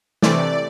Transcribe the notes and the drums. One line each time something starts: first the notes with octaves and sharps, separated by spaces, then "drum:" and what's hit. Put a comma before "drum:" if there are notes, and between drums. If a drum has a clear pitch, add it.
C3 E3 A3 D5, drum: snare